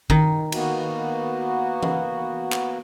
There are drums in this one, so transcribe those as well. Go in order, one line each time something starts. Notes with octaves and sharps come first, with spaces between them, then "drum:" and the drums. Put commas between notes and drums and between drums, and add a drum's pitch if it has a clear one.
D#3, drum: kick
A#3 B3 F#4, drum: cymbal
drum: tom E3
drum: clap